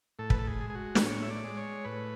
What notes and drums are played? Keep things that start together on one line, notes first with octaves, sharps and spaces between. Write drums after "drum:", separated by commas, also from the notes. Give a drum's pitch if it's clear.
A2 A4
B4, drum: kick
A4
G#4
G#3
G#4
F#4
B4, drum: snare
A2 C#5
E5
D5
G#3
C#5
A2 B4